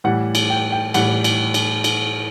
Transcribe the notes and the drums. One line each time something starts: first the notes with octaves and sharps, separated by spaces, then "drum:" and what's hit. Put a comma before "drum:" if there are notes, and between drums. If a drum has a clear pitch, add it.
A2 E3 G3 F#5
drum: cymbal
G5
G5
A2 E3 G3 F#5, drum: cymbal
drum: cymbal
drum: cymbal
drum: cymbal